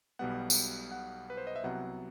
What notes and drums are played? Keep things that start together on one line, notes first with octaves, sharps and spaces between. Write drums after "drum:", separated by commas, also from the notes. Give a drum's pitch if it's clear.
B1 B2 G3 B3 F#5
drum: tambourine
F#5
B4
C5
D#5
E5
C2 C3 F#3 B3 F#5